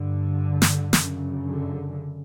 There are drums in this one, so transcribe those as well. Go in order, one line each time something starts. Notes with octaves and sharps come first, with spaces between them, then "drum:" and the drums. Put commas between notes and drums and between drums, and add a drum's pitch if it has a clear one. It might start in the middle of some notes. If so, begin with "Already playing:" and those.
Already playing: G2 D3
drum: snare
F#2 C#3, drum: snare
D3